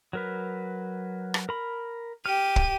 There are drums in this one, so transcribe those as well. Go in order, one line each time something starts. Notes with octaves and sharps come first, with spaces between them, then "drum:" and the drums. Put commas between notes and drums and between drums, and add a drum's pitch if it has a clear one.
F#3 A#4 B4
drum: rim click
A#4 B5
G4 F6 D#7
drum: kick